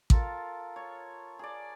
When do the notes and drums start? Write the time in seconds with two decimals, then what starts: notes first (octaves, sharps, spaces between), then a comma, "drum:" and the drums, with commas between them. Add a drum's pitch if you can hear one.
0.10 F4 A4 A#4, drum: kick A1
0.76 C#5
1.39 G#4 D5